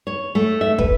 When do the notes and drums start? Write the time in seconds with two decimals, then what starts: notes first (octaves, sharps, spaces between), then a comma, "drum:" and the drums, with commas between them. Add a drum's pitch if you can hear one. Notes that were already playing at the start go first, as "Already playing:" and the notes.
0.07 C#5
0.35 A3
0.61 E5
0.78 B4, drum: kick